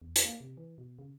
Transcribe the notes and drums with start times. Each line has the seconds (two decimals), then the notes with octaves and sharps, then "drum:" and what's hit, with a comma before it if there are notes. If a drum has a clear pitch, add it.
0.02 E2
0.16 drum: hi-hat
0.25 A#3
0.41 C3
0.57 E3
0.78 B2
0.99 C#3